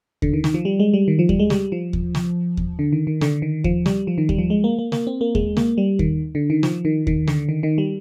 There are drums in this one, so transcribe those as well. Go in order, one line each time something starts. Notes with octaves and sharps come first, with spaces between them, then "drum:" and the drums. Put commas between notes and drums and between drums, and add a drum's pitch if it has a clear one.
D3, drum: kick D#2
D#3
D#3, drum: snare
F3
G3
G#3
G3
D#3
F3
G3, drum: kick D#2
G#3
G3, drum: snare
F3
drum: kick D#2
drum: snare
drum: kick D#2
D3
D#3
D#3
D3, drum: snare
D#3
F3, drum: kick D#2
G3, drum: snare
F3
D#3
G3, drum: kick D#2
F3
G#3
A#3
A#3
A#3, drum: snare
C4
A#3
G#3, drum: kick D#2
A#3, drum: snare
G3
D#3, drum: kick D#2
D3
D#3
F3, drum: snare
D#3
D#3, drum: kick D#2
D3, drum: snare
D#3
D#3
G3